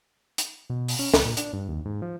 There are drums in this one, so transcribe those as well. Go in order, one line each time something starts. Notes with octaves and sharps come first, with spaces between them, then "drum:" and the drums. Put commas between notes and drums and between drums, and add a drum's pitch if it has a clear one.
drum: hi-hat
B2
drum: open hi-hat
C#4
C#2, drum: snare
A#2
D4, drum: hi-hat
G2
D#2
G#2
F3